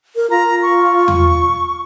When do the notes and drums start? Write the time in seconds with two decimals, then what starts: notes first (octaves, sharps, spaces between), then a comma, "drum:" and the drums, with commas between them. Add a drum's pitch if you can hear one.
0.16 A#4
0.31 F4 A#5
0.62 C#6
1.08 drum: tom E2